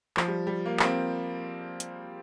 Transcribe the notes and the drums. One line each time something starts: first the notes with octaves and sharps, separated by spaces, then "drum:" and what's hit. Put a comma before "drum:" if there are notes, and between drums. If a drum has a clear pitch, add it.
F3, drum: clap
G3
G3
A#3
A#3, drum: clap
C4
drum: hi-hat